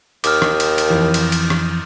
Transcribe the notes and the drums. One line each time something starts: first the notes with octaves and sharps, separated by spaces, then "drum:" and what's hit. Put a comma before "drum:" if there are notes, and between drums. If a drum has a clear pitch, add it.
D#2 D6 D#6 F6, drum: cymbal
drum: rim click
drum: cymbal
drum: cymbal
F2 E3
drum: cymbal
drum: cymbal
drum: rim click